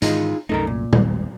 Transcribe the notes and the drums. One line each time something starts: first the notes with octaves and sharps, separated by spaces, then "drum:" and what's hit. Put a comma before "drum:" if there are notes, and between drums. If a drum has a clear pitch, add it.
G#2 D#3 E3 D#4 F4 G#4, drum: hi-hat
C2 F#2 A3 D#4 A4 A#4
A#2
G#1 D#2, drum: tom A#2